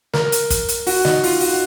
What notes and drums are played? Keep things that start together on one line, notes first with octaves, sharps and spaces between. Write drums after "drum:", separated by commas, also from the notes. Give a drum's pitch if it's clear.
A#4, drum: snare
drum: hi-hat
drum: kick, hi-hat
drum: hi-hat
F#4, drum: open hi-hat
D#4, drum: snare
F4, drum: open hi-hat
F#4, drum: open hi-hat